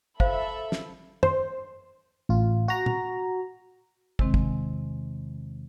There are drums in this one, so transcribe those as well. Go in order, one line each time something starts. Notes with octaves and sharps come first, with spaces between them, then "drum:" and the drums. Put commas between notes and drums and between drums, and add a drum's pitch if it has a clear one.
F4 A4 C5 E5 F5 B5, drum: kick
drum: snare
C5, drum: tom
A1 F4
F#4 A#5
drum: tom
E2 C3 D#3 G#3 C4, drum: kick
drum: kick